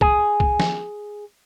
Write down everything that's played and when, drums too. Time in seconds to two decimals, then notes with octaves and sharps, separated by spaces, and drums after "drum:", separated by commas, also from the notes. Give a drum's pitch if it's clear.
0.01 G#4, drum: kick
0.40 drum: kick
0.60 drum: snare